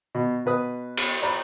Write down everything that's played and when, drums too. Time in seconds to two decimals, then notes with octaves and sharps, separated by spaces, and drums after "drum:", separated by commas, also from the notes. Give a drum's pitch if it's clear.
0.15 B2
0.46 B2 B4 D#6
0.97 drum: cymbal
1.22 D5 A#5 B5